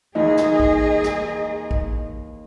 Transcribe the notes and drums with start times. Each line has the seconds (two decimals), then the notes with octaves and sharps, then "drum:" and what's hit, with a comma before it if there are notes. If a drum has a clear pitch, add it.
0.15 D#2 E3 D#4 G#4 D#5
0.37 drum: snare
0.60 drum: kick
1.04 drum: snare
1.71 drum: kick